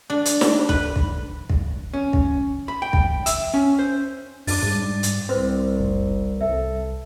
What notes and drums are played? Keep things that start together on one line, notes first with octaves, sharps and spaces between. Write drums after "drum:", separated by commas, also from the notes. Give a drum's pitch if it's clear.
D4
drum: hi-hat
drum: snare
B4, drum: kick
drum: kick
drum: kick
C#4
drum: kick
B5
G5
drum: kick
E5, drum: hi-hat
C#4
C5
F#2 D4 D6 A6, drum: open hi-hat
G#2 G3
drum: hi-hat
C2 C4 B4 C5
F#1
C2 A4 E5